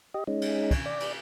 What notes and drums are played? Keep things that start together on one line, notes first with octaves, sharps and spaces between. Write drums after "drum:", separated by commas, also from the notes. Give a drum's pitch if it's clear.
G4 D#5
G#3 C#4 D#4
drum: cymbal
drum: kick, cymbal
D5
drum: cymbal